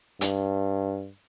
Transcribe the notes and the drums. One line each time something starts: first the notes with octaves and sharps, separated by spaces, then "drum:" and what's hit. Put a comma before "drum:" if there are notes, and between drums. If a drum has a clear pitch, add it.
G2, drum: hi-hat